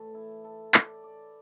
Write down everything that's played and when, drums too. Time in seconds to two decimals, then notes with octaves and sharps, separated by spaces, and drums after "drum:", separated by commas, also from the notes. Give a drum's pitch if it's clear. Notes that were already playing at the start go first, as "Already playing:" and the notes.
Already playing: A2 E3 A4
0.14 E4
0.44 A4
0.74 D5, drum: clap
1.04 D5